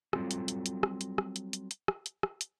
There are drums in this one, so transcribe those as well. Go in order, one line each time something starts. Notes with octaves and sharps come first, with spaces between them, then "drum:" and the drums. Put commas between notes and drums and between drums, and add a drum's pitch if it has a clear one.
F#3 G3 C4 F4 F#4 A4, drum: rim click
drum: hi-hat
drum: hi-hat
drum: hi-hat
drum: rim click
drum: hi-hat
drum: rim click
drum: hi-hat
drum: hi-hat
drum: hi-hat
drum: rim click
drum: hi-hat
drum: rim click
drum: hi-hat